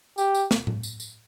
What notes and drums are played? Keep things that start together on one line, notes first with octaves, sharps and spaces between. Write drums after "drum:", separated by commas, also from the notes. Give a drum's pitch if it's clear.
G4, drum: tambourine
drum: tambourine
drum: snare
drum: tom A2
drum: tambourine
drum: tambourine